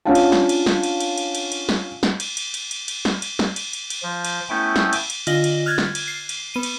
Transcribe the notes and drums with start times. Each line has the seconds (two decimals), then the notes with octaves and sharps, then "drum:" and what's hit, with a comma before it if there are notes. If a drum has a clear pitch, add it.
0.05 C#4 D4 F4 F5 F#5 A5
0.15 drum: cymbal
0.32 drum: snare
0.49 drum: cymbal
0.66 drum: snare
0.83 drum: cymbal
1.00 drum: cymbal
1.18 drum: cymbal
1.35 drum: cymbal
1.52 drum: cymbal
1.69 drum: snare
2.03 drum: snare
2.20 drum: cymbal
2.37 drum: cymbal
2.54 drum: cymbal
2.71 drum: cymbal
2.88 drum: cymbal
3.05 drum: snare
3.22 drum: cymbal
3.39 drum: snare
3.56 drum: cymbal
3.73 drum: cymbal
3.90 drum: cymbal
4.03 F3
4.25 drum: cymbal
4.50 A3 B3 C#4 E4 G5
4.76 drum: snare
4.93 drum: cymbal
5.10 drum: cymbal
5.27 D3 F4 D#5 A#6 F#7 G7, drum: cymbal
5.44 drum: cymbal
5.66 F6 F#6 G#6 A6
5.78 drum: snare
5.95 drum: cymbal
6.08 C7
6.29 drum: cymbal
6.54 B3 D#7
6.63 drum: cymbal